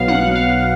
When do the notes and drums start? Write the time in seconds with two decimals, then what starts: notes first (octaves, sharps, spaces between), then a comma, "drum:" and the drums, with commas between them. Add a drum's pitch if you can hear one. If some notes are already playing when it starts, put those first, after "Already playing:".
Already playing: B1 B2 F#3 B3 F5
0.08 F#5, drum: tom
0.35 F5